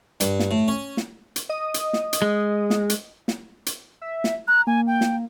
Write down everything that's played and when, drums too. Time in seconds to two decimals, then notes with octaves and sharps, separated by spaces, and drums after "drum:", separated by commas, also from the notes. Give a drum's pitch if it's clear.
0.20 G2, drum: hi-hat
0.40 drum: snare
0.51 A2
0.68 C#4
0.97 drum: snare
1.36 drum: hi-hat
1.49 D#5 D#6
1.74 drum: hi-hat
1.93 drum: snare
2.13 drum: hi-hat
2.22 G#3
2.70 drum: snare
2.90 drum: hi-hat
3.28 drum: snare
3.66 drum: hi-hat
4.02 E5
4.24 drum: snare
4.48 A#5 F#6
4.67 A#3 G#5
4.87 G5
5.01 drum: snare